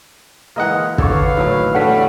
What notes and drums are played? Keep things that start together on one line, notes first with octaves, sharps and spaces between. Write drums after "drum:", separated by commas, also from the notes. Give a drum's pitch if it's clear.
E3 G#3 A#3 A#4 D#5 F#5
D3 A4 B4 C#5 F5 C#6, drum: kick
D#2 A2 F#3 E4
E2 D3 G3 A3 C#4 F#5 B6